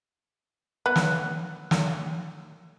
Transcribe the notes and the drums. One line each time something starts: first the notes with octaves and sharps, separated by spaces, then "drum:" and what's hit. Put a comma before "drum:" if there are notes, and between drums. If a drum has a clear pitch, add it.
B3 F#6
drum: snare
drum: snare